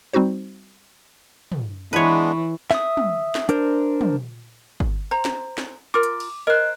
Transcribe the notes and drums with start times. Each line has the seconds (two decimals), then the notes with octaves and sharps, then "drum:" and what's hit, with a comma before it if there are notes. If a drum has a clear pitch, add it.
0.13 G3 C4 D#4 F#4 C5
1.52 drum: tom
1.93 E3 G#3 B3 D4 B4 C#5
2.71 E5 D#6, drum: snare
2.97 drum: tom
3.35 drum: snare
3.49 D4 A#4 C5, drum: hi-hat
4.01 drum: tom
4.80 drum: kick G1
5.11 C5 A#5
5.25 drum: snare
5.58 drum: snare
5.94 F4 A#4 D6
6.03 drum: hi-hat
6.20 drum: cymbal
6.47 A#4 C5 D#5 F#6